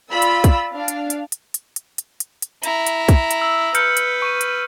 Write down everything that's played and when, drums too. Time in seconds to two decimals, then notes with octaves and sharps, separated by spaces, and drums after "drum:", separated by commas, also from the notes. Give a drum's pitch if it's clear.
0.10 F4 D5 B5 E6
0.22 drum: hi-hat
0.44 drum: kick, hi-hat
0.72 D4 F5
0.88 drum: hi-hat
1.10 drum: hi-hat
1.32 drum: hi-hat
1.54 drum: hi-hat
1.76 drum: hi-hat
1.98 drum: hi-hat
2.20 drum: hi-hat
2.42 drum: hi-hat
2.63 E4 A#5, drum: hi-hat
2.86 drum: hi-hat
3.09 drum: kick, hi-hat
3.31 drum: hi-hat
3.41 E6
3.75 B4 F6 G6 C#7, drum: hi-hat
3.97 drum: hi-hat
4.22 C#6 D#7
4.41 drum: hi-hat